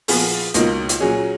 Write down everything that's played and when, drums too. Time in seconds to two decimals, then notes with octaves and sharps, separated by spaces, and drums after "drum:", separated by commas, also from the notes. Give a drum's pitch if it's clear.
0.08 A#2 F3 B3 F4 G#4, drum: open hi-hat
0.54 C#2 B2 A#3 D#4, drum: hi-hat
0.89 drum: hi-hat
1.00 A#2 F#3 C#4 G#4